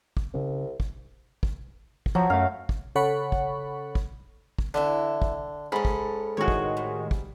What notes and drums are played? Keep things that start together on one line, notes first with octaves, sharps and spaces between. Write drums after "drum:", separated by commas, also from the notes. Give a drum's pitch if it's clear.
drum: kick
C2 C#3 C#4
drum: kick
drum: kick
drum: kick
F3 F#3
F#2 A3 F5
drum: kick
C#3 A4 C#5 F#5 B5 C#6
drum: kick
drum: kick
drum: kick
D3 E3 E4 E5
drum: kick
G#2 C#4 A4 B5
drum: kick
A2 D#3 G#3 F#4 C#5
drum: kick
G3
drum: kick